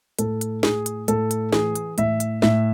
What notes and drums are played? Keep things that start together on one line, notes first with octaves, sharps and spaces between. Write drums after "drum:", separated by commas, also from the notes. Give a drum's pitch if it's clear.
A2 A4, drum: hi-hat
drum: hi-hat
A2 G#4, drum: snare
drum: hi-hat
A2 A4, drum: hi-hat
drum: hi-hat
E3 G#4, drum: snare
drum: hi-hat
A2 E5, drum: hi-hat
drum: hi-hat
A2 E5, drum: snare